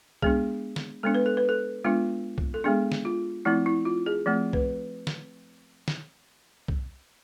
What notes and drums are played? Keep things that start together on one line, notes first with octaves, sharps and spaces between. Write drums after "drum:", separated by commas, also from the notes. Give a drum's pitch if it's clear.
G#3 B3 D4 G#4, drum: kick C2
drum: snare
G#3 B3 D4 A4
B4
A4
B4
A4
G#3 B3 D4 F4
drum: kick C2
A4
G#3 B3 D4 G#4
drum: snare
F4
F3 A3 C4 E4
E4
F4
G#4
F3 A3 C4
B4, drum: kick C2
drum: snare
drum: snare
drum: kick C2